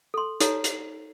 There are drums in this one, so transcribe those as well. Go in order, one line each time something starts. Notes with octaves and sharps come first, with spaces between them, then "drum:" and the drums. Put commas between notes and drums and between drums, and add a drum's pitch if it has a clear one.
A4 C6
D#4 A4 C#5 A#5, drum: hi-hat
drum: hi-hat